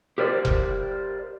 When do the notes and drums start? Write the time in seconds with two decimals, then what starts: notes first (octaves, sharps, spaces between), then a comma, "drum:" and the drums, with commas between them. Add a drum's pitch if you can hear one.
0.18 G4 A#4 C5 D5
0.45 drum: kick F1